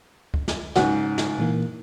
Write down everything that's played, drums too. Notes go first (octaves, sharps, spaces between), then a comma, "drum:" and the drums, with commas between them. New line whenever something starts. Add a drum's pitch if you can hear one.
drum: kick C#2
drum: snare
C#2 G#2 F#3 F#5, drum: snare
drum: snare
A#2 E3 A#3